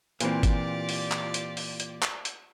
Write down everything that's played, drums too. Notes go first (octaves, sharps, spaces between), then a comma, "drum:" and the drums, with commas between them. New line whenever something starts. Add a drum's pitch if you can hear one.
A#2 E3 C4 F4 G4 D5, drum: hi-hat
drum: kick G1, hi-hat
drum: open hi-hat
drum: clap
drum: hi-hat
drum: open hi-hat
drum: hi-hat
drum: clap
drum: hi-hat